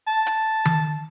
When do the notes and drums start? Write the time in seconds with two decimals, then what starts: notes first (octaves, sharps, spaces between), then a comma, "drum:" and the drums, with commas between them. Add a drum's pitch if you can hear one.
0.07 A5
0.27 drum: hi-hat
0.65 drum: tom D#3